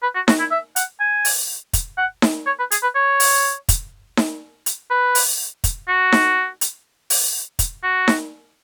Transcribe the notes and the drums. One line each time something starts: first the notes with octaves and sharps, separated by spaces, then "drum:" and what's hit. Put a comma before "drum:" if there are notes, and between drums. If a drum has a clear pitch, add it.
B4
F#4
F#4, drum: snare D#4
E4
E5
F#5, drum: hi-hat
G#5
drum: open hi-hat
drum: kick, hi-hat
F#5
drum: snare D#4
C#5
B4
G#4, drum: hi-hat
B4
C#5
drum: open hi-hat
drum: kick, hi-hat
drum: snare D#4
drum: hi-hat
B4
drum: open hi-hat
drum: kick, hi-hat
F#4
drum: snare D#4
drum: hi-hat
drum: open hi-hat
drum: kick, hi-hat
F#4
drum: snare D#4